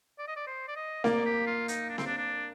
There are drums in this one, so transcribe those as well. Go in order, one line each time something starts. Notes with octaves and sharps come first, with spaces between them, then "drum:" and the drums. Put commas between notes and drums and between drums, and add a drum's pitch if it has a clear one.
D5
D#5
D5
C5
D5
D#5
A#3 D5, drum: snare C4
G4
F4
D#4, drum: hi-hat
D4
C4, drum: snare C4
D4
D4